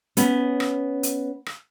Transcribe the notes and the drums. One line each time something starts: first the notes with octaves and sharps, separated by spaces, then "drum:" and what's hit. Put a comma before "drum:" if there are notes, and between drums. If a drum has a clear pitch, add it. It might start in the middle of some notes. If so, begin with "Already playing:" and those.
B3 C#4, drum: hi-hat
drum: rim click
drum: hi-hat
drum: rim click